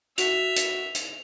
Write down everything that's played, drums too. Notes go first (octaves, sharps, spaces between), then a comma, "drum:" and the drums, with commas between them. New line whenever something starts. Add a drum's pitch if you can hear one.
F#4 E5 F7, drum: hi-hat
drum: hi-hat
drum: hi-hat